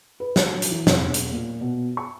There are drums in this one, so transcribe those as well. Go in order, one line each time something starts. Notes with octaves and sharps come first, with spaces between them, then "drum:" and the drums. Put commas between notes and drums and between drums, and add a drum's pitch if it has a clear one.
B4
F#3, drum: snare
drum: hi-hat
E3
F1, drum: snare
E1
drum: hi-hat
A#2
B2
C#6